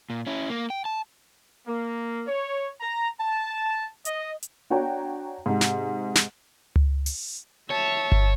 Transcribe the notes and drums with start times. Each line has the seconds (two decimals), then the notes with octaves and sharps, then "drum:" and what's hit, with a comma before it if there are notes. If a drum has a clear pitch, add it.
0.10 A#2
0.27 C#4 E4
0.50 A#3
0.70 G5
0.85 A5
1.67 A#3
2.27 C#5
2.81 A#5
3.18 A5
4.05 D#5, drum: hi-hat
4.43 drum: hi-hat
4.70 D4 F#4 C#5 G5 A#5
5.46 G#2 C3
5.61 drum: snare
6.15 drum: snare
6.76 drum: tom C#2
7.06 drum: open hi-hat
7.70 C#5 E5 A5
8.12 drum: kick G1